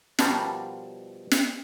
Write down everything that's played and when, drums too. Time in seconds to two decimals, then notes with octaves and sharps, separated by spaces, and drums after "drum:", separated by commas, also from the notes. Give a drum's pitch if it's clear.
0.19 B2 F3 G3 D4 A#4, drum: snare
1.31 drum: snare